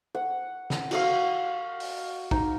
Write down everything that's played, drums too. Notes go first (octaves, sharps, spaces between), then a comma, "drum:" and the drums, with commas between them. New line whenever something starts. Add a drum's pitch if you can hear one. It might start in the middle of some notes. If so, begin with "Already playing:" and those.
F#5
drum: snare
F#4 D#5 F5, drum: cymbal
drum: open hi-hat
D#4, drum: kick